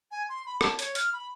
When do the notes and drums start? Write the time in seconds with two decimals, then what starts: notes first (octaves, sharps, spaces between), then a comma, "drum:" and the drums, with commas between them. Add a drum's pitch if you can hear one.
0.11 G#5
0.29 C6
0.46 B5
0.61 A5, drum: rim click
0.79 C#5, drum: hi-hat
0.95 F6, drum: hi-hat
1.13 B5